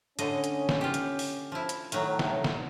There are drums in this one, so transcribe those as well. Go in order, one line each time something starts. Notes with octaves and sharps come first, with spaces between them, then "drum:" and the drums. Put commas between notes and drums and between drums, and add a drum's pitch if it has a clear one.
A2 D3 C#4 D#5, drum: hi-hat
drum: hi-hat
drum: snare
F4 G4
drum: hi-hat
drum: open hi-hat
F3 E4
drum: hi-hat
A2 D#3 F#3, drum: hi-hat
drum: snare
drum: snare